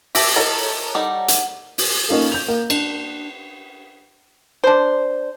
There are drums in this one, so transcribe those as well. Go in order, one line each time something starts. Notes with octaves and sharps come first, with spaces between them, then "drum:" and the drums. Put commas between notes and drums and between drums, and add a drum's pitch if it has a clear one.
G4 E5 A5 E6, drum: open hi-hat
E4 A4 A#4 C#5 D#5
G3 D#4 F#5
drum: hi-hat
drum: open hi-hat
A#3 C#4 D#4 F4 A4
G6 F7
A#3
D4, drum: cymbal
D4 C5